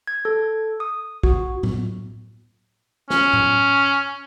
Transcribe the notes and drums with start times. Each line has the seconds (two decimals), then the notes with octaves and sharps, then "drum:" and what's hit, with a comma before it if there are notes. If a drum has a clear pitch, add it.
0.07 G#6
0.25 A4
0.80 D#6
1.23 F#4, drum: kick A#1
1.63 drum: tom A2
3.10 C#4, drum: snare
3.33 drum: tom A2